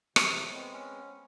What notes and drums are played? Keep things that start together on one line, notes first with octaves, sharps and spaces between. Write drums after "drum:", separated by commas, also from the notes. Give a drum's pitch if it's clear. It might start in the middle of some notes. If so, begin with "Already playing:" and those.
C3 E3, drum: rim click
A2
G#3 B3 C4
C#4